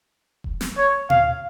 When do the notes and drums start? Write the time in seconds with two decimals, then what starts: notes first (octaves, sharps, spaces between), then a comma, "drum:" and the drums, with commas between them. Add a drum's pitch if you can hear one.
0.44 drum: kick E1
0.61 drum: snare
0.77 C#5
1.10 F5, drum: tom A#2